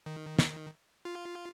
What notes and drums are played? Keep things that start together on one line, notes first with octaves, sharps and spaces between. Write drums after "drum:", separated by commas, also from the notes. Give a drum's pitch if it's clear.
D#3
drum: snare
F4